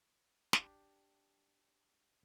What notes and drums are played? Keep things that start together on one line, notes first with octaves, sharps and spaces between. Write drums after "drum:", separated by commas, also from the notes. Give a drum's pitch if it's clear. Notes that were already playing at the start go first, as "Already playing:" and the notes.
D4 G4, drum: snare